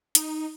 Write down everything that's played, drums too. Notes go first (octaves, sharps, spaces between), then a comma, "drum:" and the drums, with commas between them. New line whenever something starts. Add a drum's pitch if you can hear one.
D#4, drum: hi-hat